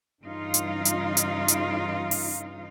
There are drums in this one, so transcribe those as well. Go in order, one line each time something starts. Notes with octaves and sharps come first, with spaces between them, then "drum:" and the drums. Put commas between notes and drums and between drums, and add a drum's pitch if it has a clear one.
G2 C#3 E3 D#4 F4 F5
drum: hi-hat
drum: hi-hat
drum: hi-hat
drum: hi-hat
drum: open hi-hat